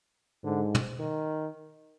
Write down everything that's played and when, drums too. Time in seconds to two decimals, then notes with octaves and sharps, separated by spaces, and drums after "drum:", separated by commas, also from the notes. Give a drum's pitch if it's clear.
0.44 G#2 D3
0.75 drum: tom
0.99 D#3